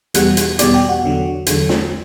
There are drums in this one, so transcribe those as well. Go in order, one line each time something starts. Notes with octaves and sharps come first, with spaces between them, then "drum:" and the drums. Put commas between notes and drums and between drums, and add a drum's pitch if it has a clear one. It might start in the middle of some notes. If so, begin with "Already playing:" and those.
E2 B2 G3 F#5, drum: hi-hat
drum: hi-hat
E2 B2 G3 D5, drum: hi-hat
G4
F#4
E2 D3 F#3
E2 D3 F#3, drum: hi-hat
drum: snare